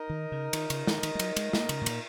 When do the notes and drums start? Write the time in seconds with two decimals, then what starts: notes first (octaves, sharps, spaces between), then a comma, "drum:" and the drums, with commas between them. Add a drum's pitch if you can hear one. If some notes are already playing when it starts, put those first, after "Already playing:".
Already playing: D#4 A#4 D#5
0.10 D#3
0.32 C#3
0.53 D#3, drum: cymbal
0.70 C#3, drum: cymbal
0.87 D#3, drum: snare
1.03 D#3, drum: cymbal
1.15 G#3
1.19 F#3, drum: cymbal
1.37 G#3, drum: cymbal
1.53 A#3, drum: snare
1.69 C#3, drum: cymbal
1.81 G#2
1.86 A#2, drum: cymbal